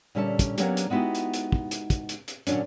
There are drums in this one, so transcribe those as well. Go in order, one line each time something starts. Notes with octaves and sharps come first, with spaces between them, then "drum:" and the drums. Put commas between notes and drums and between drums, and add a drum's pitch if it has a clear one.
A#2 D3 G3 C#4 E5 A5
drum: kick, hi-hat
F#3 A#3 B3 C#4 D4 G4, drum: hi-hat
drum: hi-hat
G#3 B3 D#4 E4 F#4 G4
drum: hi-hat
drum: hi-hat
drum: kick
drum: hi-hat
drum: kick, hi-hat
drum: hi-hat
drum: hi-hat
A#2 D3 F#3 C#4 D4, drum: hi-hat